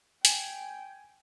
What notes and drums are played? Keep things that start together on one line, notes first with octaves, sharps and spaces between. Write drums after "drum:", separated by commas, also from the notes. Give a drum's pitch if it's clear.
G5 G#5, drum: hi-hat